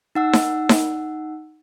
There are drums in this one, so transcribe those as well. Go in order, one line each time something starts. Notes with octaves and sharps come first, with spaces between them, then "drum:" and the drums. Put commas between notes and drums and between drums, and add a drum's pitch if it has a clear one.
D#4 F#5 E6
drum: snare D#4
drum: snare D#4